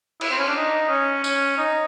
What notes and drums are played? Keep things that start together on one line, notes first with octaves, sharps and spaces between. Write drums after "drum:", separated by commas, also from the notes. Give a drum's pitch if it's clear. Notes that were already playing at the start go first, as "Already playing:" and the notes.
E4, drum: cymbal
C4
C#4
D4
D#4
C#4
C#4, drum: tambourine
D#4